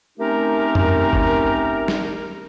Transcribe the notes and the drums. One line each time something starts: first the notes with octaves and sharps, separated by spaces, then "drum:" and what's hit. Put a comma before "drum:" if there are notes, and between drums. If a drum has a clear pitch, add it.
A3 C4 C#4 D#4 G4 A#4
drum: tom F2
drum: kick
drum: snare